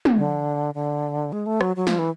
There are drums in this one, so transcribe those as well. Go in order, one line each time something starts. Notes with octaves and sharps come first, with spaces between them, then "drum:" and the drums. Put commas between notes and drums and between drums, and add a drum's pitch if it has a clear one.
drum: tom
D3
D3
G#3
A3
F#3, drum: rim click
F#3
F3, drum: snare
E3